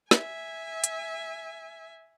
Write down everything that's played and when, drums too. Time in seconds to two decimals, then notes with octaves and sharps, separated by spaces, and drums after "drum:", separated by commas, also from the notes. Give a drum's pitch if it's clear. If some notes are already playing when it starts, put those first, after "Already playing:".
0.11 E5 G#5, drum: snare
0.84 drum: hi-hat